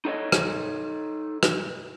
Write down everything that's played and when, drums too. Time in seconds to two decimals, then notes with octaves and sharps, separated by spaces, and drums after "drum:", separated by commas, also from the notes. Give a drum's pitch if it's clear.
0.05 D#4 A4 C#5 D#5
0.32 drum: rim click
1.43 drum: rim click